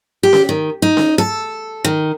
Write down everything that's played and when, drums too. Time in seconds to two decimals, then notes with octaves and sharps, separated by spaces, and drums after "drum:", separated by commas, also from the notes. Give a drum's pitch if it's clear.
0.23 G4
0.33 drum: snare C#4
0.49 D#3
0.82 D#4
0.97 drum: snare C#4
1.18 A4
1.84 D#3